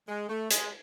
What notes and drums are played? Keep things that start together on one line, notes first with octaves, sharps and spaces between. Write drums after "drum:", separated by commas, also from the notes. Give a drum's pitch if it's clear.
G#3
A3
G#3, drum: hi-hat